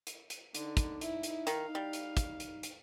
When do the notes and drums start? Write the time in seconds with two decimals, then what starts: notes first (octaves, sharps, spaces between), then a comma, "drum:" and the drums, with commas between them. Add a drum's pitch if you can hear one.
0.07 drum: hi-hat
0.30 drum: hi-hat
0.54 D3 D#4, drum: hi-hat
0.77 drum: kick, hi-hat
1.01 E4, drum: hi-hat
1.23 drum: hi-hat
1.47 D#3 F5, drum: hi-hat
1.75 G3
1.93 drum: hi-hat
2.17 drum: kick, hi-hat
2.40 drum: hi-hat
2.63 drum: hi-hat